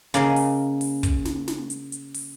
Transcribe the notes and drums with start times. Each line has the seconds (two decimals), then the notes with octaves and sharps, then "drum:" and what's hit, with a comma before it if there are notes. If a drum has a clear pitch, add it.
0.14 C#3 A#3 G#4 D#5, drum: hi-hat
0.36 drum: open hi-hat
0.81 drum: open hi-hat
1.03 drum: kick, hi-hat
1.25 drum: snare
1.48 drum: snare
1.70 drum: hi-hat
1.92 drum: hi-hat
2.14 drum: open hi-hat